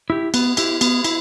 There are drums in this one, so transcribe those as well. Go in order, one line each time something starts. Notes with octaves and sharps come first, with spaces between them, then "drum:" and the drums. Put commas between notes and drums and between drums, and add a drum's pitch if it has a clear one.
E4 G4
B3, drum: cymbal
E4 G4, drum: cymbal
B3, drum: cymbal
E4, drum: cymbal